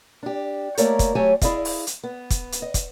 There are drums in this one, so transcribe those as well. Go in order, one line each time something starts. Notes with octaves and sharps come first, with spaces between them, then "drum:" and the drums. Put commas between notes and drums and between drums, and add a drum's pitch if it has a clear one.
D4 G4
A3 A#3 G4 A#4 C#5 D5, drum: hi-hat
drum: kick, hi-hat
F#3 A3 G4 C#5 G#5
E4 G#4 D5 D#5 F5, drum: kick, hi-hat
drum: open hi-hat
drum: hi-hat
B3
drum: kick, hi-hat
drum: hi-hat
D#5
drum: kick, hi-hat